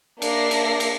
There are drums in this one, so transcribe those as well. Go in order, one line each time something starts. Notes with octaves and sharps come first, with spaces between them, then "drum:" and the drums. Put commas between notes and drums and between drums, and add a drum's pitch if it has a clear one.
A#3 D4 D5 E5 A#6 C7, drum: cymbal
drum: cymbal
drum: cymbal